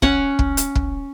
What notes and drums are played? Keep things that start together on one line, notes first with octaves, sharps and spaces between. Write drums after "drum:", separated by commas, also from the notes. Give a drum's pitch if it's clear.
C#4 C#5 F#5, drum: kick
drum: kick
drum: hi-hat
drum: kick